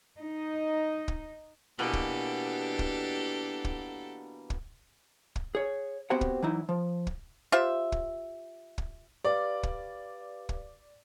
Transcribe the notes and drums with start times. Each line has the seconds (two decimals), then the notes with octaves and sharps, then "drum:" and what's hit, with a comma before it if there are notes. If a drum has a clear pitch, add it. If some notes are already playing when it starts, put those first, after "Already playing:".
0.19 D#4
1.08 drum: kick
1.79 B2 E3 A#3 D4 G4 A4
1.93 drum: kick
2.79 drum: kick
3.64 drum: kick
4.50 drum: kick
5.36 drum: kick
5.55 G#4 C#5
6.10 B3 C4 F#4 G4 C5 F#5
6.21 drum: kick
6.43 E3 F#3 D#4 E4
6.69 F3
7.07 drum: kick
7.52 F4 G4 C5 E5
7.92 drum: kick
8.78 drum: kick
9.25 G4 B4 D5 F5
9.63 drum: kick
10.49 drum: kick